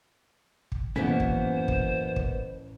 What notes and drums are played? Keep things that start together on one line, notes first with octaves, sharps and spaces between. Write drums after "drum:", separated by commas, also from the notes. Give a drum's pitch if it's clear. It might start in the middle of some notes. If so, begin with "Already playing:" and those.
drum: kick
A1 F#2 E3 A#3 B3 C#4 C5 B6
drum: kick
drum: kick
drum: kick